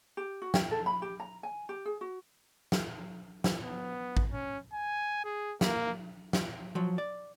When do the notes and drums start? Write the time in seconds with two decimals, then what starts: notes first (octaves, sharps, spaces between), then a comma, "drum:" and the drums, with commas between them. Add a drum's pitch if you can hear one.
0.17 G4
0.42 F#4
0.54 G5, drum: snare
0.71 A4
0.86 B5
1.02 G4
1.20 A#5
1.43 G#5
1.69 G4
1.85 G#4
2.01 F#4
2.72 drum: snare
3.44 drum: snare
3.63 B3
4.17 drum: kick A1
4.32 C#4
4.73 G#5
5.25 G#4
5.61 A#3, drum: snare
6.33 drum: snare
6.75 F3 F#3
6.98 D5